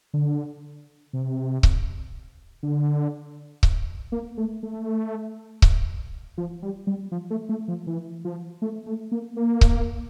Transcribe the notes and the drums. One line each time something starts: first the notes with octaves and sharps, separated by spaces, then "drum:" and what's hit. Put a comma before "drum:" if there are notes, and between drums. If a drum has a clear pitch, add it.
D3
C3
drum: kick C#1
D3
drum: kick C#1
A#3
A3
A3
drum: kick C#1
F3
G3
G3
F3
A3
A3
F3
E3
F3
A3
A3
A#3
A#3
drum: kick C#1